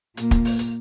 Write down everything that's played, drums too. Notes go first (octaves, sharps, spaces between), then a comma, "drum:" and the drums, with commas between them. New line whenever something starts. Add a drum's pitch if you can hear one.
A#2 A#3, drum: hi-hat
drum: kick, hi-hat
drum: open hi-hat
drum: hi-hat